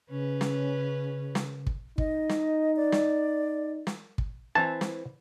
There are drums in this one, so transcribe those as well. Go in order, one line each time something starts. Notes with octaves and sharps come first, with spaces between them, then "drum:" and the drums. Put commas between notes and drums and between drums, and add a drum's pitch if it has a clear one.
C#3 C#4 B4
drum: snare
drum: snare
drum: kick
D#4 D#5, drum: kick
drum: snare
D5
drum: snare
drum: snare
drum: kick
E3 C4 A5 A#5
drum: snare